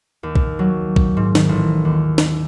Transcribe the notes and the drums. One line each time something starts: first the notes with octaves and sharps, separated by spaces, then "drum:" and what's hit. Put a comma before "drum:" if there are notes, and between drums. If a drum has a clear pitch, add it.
D#2
drum: kick B1
F#3
drum: kick B1
G#2
D#3, drum: snare
A1
D#2
drum: snare